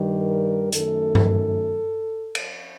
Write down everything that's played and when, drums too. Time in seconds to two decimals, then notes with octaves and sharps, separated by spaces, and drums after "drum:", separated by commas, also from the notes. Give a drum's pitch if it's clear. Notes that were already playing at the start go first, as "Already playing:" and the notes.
Already playing: G2 D#3 G3
0.18 A#4
0.72 F#2 D#3 A3 A4, drum: hi-hat
1.15 drum: tom G2
2.35 drum: cymbal